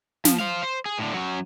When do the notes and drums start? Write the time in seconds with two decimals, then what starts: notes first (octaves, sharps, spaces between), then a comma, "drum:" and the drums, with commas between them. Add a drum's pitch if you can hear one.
0.25 F3, drum: snare
0.40 C5 F5
0.63 C5
0.86 G#4
0.99 A2 D3
1.14 F#3 C#4